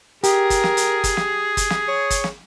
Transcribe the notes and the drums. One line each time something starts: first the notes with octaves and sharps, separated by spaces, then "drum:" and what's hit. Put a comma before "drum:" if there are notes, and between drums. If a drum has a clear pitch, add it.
G4 G#4 A#4, drum: hi-hat
drum: kick G1, hi-hat
drum: snare
drum: hi-hat
drum: kick G1, hi-hat
drum: snare
drum: kick G1, hi-hat
drum: snare
C#5
drum: kick G1, hi-hat
drum: snare